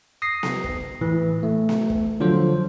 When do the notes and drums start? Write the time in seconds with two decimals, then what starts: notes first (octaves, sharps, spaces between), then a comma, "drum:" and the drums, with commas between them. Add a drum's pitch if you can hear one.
0.22 D#6 A#6 C7
0.43 drum: snare B3
0.64 drum: kick
1.01 A2 E3
1.43 A3
1.69 drum: snare B3
1.90 drum: kick
2.20 D3 F3 F#3 F4 C5